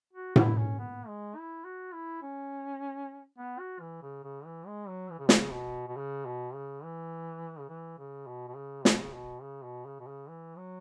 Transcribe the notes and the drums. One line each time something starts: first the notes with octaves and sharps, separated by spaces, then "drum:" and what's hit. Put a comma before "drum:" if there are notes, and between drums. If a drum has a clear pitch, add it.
F#4
E4, drum: tom A2
C#4
B3
G#3
E4
F#4
E4
C#4
B3
F#4
E3
C#3
C#3
E3
G#3
F#3
E3
C#3
B2, drum: snare
C#3
B2
B2
C#3
B2
C#3
E3
C#3
E3
C#3
B2
B2
C#3
B2, drum: snare
C#3
B2
C#3
B2
C#3
B2
C#3
E3
F#3